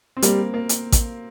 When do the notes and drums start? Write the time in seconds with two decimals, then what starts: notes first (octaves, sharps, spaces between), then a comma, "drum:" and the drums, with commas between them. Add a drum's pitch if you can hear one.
0.17 C4
0.22 G3 A#3, drum: hi-hat
0.54 A#3
0.69 drum: hi-hat
0.92 drum: kick A1, hi-hat